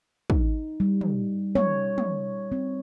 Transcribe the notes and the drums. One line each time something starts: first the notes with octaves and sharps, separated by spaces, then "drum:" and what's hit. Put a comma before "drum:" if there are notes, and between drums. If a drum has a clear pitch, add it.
D#4, drum: kick
G3
drum: tom
C#5, drum: tom
drum: tom
C4